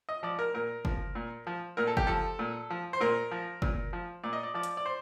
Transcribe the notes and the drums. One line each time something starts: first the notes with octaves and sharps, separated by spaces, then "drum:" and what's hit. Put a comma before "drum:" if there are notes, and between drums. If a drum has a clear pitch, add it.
D#5
F3 D5
A#4
A#2 A#4
F3, drum: kick F#1
A#2
F3
A#2 A#4
A4
G4, drum: kick F#1
F3 A4
A#2
F3
C5
A#2 A#4
F3
A#2, drum: kick F#1
F3
A#2 D5
D#5
D5
F3 D5
drum: hi-hat
D5
C5